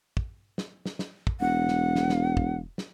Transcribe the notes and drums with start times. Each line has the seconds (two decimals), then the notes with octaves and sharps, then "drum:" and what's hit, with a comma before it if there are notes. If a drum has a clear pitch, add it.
0.17 drum: kick
0.58 drum: snare
0.86 drum: snare
0.99 drum: snare
1.27 drum: kick
1.41 E1 F#5
1.68 drum: snare
1.96 drum: snare
2.09 drum: snare
2.37 drum: kick
2.78 drum: snare